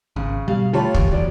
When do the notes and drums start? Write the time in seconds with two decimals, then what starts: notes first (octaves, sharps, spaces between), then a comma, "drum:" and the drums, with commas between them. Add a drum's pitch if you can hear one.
0.16 G#1 C#3
0.48 B2 G3 F5
0.73 D3 A3 F4 G4 C#5 A5 B5
0.94 C#2 G2 E3, drum: kick
1.11 E1 A1 E2 F#3 D5